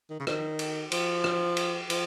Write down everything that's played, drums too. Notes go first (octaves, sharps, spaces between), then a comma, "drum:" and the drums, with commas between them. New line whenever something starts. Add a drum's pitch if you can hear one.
D#3
C#3
D#3, drum: rim click
drum: cymbal
F3, drum: cymbal
drum: rim click
drum: cymbal
F3, drum: cymbal